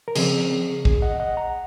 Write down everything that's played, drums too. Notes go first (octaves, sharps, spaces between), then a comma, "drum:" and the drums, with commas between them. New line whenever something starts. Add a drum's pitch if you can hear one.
A#4
C#3 F3 C4 G#4, drum: cymbal
G#4, drum: kick
D#5 F#5
D#5 F#5
F#5 A#5